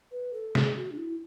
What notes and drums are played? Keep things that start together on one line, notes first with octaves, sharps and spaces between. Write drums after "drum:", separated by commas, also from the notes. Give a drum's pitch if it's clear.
B4
A4
G#4, drum: snare
F#4
D4
E4